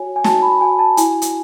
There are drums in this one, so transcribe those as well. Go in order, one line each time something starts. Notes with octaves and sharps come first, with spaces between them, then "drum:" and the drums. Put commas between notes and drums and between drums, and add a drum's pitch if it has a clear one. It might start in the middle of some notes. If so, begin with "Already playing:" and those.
Already playing: F#4 C#5 G#5
G#5
F#4 A5, drum: snare
B5
F#4 G#5
A5
E4 G#5, drum: hi-hat
drum: hi-hat